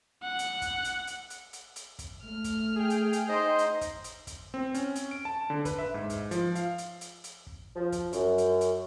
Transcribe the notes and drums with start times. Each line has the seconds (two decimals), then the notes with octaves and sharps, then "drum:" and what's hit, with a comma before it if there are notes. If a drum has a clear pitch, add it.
0.23 F#5
0.39 drum: hi-hat
0.62 drum: kick, hi-hat
0.84 drum: hi-hat
1.07 drum: hi-hat
1.30 drum: hi-hat
1.53 drum: hi-hat
1.76 drum: hi-hat
1.99 drum: kick, hi-hat
2.24 A3 F6
2.44 drum: kick, hi-hat
2.76 G#4 G5
2.90 drum: hi-hat
3.13 drum: hi-hat
3.29 D#4 C5 D#5 C6
3.58 drum: hi-hat
3.81 drum: kick, hi-hat
4.04 drum: hi-hat
4.27 drum: kick, hi-hat
4.54 C4
4.74 C#4, drum: hi-hat
4.95 drum: hi-hat
5.11 D7
5.25 A5
5.50 D3
5.65 B4, drum: kick, hi-hat
5.79 E5
5.94 G#2
6.10 drum: kick, hi-hat
6.31 F3, drum: hi-hat
6.55 F5, drum: hi-hat
6.78 drum: hi-hat
7.01 drum: hi-hat
7.24 drum: hi-hat
7.47 drum: kick
7.76 F3
7.92 drum: kick, hi-hat
8.13 F#2, drum: hi-hat
8.38 drum: hi-hat
8.61 drum: hi-hat